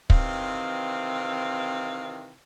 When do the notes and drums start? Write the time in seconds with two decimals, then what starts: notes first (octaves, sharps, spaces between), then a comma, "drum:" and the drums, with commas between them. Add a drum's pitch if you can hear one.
0.10 C3 D#3 E3 C4 F5, drum: kick